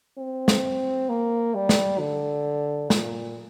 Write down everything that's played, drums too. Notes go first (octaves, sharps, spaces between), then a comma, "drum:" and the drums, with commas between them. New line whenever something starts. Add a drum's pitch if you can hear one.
C4
drum: snare
A#3
G3
drum: snare
D3
A#2, drum: snare